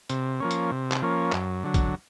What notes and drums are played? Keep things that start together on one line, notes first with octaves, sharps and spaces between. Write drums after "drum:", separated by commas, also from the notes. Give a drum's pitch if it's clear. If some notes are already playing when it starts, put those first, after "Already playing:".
C3, drum: hi-hat
F3 A#3 C#4
drum: hi-hat
C3
drum: clap
F3 A#3 C#4
F#2, drum: clap
D3 F#3
drum: kick, hi-hat